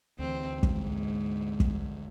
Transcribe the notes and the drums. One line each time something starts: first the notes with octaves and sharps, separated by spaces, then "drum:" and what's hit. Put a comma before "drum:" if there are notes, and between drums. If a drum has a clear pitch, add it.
D2 E3 C4
G#2, drum: kick
drum: kick